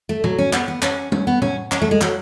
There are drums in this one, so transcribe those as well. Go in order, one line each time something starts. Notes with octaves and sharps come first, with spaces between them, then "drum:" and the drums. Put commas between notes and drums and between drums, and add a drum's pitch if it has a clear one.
A3
F#3, drum: tom A2
C#4
B3, drum: clap
B3
C#4, drum: clap
C#4, drum: tom G3
B3
C#4, drum: tom A2
C#4, drum: clap
A3
G#3
F#3, drum: clap